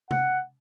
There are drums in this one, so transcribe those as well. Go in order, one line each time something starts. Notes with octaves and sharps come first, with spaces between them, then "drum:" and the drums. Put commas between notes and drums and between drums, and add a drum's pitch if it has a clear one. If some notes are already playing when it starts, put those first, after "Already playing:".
F#5, drum: tom C3